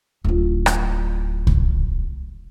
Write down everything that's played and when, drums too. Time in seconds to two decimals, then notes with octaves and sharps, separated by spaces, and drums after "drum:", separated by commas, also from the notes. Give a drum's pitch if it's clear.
0.24 D1 F4
0.66 drum: rim click
1.47 drum: kick C2